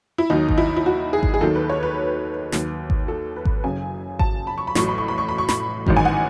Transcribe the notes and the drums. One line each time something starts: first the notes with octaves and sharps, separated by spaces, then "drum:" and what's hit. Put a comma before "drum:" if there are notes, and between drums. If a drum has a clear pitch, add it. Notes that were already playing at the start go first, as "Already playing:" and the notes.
E4
D#2 D#3 F#3 D#4
drum: kick G#1
E4
E4
F#4
G#4
drum: kick G#1
G#4
D#2 D#3 F#3 A4
B4
C#5
B4
D#2 D#3 F#3, drum: snare
drum: kick G#1
A4
B4
drum: kick G#1
F#1 F#2 C#3 F#3 G#5
A5, drum: kick G#1
B5
C#6
B5
A1 A2 F#3 C#6, drum: snare
B5
C#6
B5
C#6
B5
C#6
B5, drum: snare
A1 G#2 D#3 F#3, drum: kick G#1
G#5
F#5